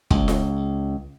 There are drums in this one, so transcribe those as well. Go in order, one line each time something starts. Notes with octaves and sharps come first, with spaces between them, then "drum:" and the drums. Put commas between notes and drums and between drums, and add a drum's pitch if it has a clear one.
C#2, drum: kick
drum: snare F4